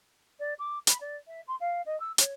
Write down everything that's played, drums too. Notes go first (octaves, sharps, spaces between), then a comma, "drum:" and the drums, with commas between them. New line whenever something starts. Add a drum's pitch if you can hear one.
D5
D6
B5, drum: hi-hat
D5
E5
C6
F5
D#5
E6
C#5, drum: hi-hat